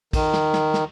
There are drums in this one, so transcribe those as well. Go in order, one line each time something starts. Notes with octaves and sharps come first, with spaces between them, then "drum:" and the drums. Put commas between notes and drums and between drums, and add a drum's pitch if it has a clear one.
D#3, drum: kick, cymbal
drum: snare
drum: snare
drum: snare